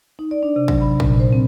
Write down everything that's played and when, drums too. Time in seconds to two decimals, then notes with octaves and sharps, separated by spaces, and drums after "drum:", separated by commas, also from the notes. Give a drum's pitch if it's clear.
0.19 D#4
0.31 D5
0.43 D4
0.56 C3
0.68 F#3, drum: kick
0.81 B5
1.00 A#2, drum: kick
1.20 C5
1.33 C4